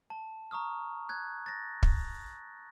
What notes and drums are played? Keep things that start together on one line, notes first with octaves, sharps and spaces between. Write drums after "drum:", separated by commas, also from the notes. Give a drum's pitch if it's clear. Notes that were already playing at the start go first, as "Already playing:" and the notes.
A5
A#5 C#6 D#6 F6
F#6 G#6
A6 A#6
drum: kick